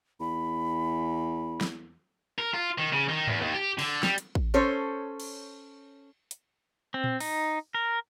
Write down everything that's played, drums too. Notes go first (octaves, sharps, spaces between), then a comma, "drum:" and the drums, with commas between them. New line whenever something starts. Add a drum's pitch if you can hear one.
E2 B5
drum: snare
A#4
F4
D#3
C#3
D#3
E2, drum: tom G#2
D#2
G4
D3, drum: cymbal
G3, drum: snare
drum: hi-hat
drum: kick
C#4 A4 C5 C#5
drum: cymbal
drum: hi-hat
C4
drum: tom A#2
D#4, drum: open hi-hat
A#4